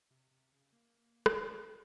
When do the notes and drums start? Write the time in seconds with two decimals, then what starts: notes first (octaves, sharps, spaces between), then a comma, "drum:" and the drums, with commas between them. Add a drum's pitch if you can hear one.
0.11 C3
0.31 C3
0.52 C#3
0.73 A#3
1.26 drum: rim click
1.35 C#4
1.56 C4